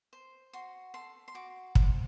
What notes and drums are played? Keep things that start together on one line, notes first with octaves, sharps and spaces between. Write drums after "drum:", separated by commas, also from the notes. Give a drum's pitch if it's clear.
C5
F#4 C6
A4 C6
C6
F#4 D6
C5 D6, drum: kick